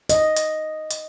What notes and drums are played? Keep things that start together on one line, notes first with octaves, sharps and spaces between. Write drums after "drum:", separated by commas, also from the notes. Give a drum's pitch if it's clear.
D#5, drum: hi-hat
drum: hi-hat
drum: hi-hat